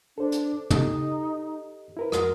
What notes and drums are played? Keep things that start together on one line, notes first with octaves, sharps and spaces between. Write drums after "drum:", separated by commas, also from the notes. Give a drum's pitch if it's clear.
D4 A4 C5
drum: hi-hat
D#4 G4 A4 D#5, drum: tom
E4 A#4 B4
F2 F#4 A#4 D#6, drum: rim click